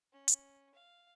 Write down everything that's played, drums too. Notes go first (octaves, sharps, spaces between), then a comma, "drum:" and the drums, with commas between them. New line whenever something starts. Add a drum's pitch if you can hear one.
C#4
drum: hi-hat
F5